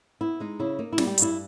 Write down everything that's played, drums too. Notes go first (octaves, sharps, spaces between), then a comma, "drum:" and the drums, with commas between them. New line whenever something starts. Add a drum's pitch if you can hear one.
B3 E4
G#3 D#4
C#3 E4
A#3 D#4
E4
G3, drum: snare
G4
G2 E4, drum: hi-hat